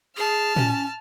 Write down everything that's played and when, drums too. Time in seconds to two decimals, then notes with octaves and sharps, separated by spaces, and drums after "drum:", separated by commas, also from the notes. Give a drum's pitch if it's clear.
0.17 G#4 A5 F6
0.56 C#4, drum: tom A2